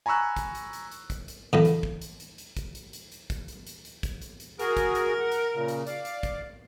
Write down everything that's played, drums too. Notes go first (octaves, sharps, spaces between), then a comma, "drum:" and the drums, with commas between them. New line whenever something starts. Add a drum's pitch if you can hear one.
G#5 A#5 B5 C#6 E6 F#6
drum: kick, hi-hat
drum: hi-hat
drum: hi-hat
drum: hi-hat
drum: kick, hi-hat
drum: hi-hat
E2 A2 C#3
drum: hi-hat
drum: kick
drum: hi-hat
drum: hi-hat
drum: hi-hat
drum: kick, hi-hat
drum: hi-hat
drum: hi-hat
drum: hi-hat
drum: kick, hi-hat
drum: hi-hat
drum: hi-hat
drum: hi-hat
drum: kick, hi-hat
drum: hi-hat
drum: hi-hat
F#4 G#4 A#4, drum: hi-hat
drum: kick, hi-hat
drum: hi-hat
F#5
drum: hi-hat
A#2 C#3
drum: hi-hat
D5 F5, drum: hi-hat
drum: hi-hat
drum: kick, hi-hat